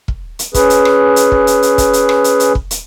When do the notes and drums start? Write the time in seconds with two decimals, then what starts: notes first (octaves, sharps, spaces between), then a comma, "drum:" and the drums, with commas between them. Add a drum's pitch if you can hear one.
0.08 drum: kick
0.39 drum: hi-hat
0.54 C#4 G#4 B4, drum: kick, hi-hat
0.70 drum: hi-hat
0.85 drum: rim click
1.16 drum: hi-hat
1.32 drum: kick
1.47 drum: hi-hat
1.63 drum: hi-hat
1.78 drum: kick, hi-hat
1.93 drum: hi-hat
2.09 drum: rim click
2.24 drum: hi-hat
2.40 drum: hi-hat
2.55 drum: kick
2.71 drum: hi-hat